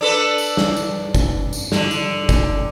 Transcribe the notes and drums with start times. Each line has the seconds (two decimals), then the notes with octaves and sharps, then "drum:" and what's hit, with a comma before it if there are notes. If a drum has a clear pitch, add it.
0.01 D4 A4 B4
0.38 drum: tambourine
0.57 drum: snare
0.76 drum: tambourine
1.15 drum: kick, tambourine
1.53 drum: tambourine
1.72 D3, drum: snare
1.91 drum: tambourine
2.29 drum: kick, tambourine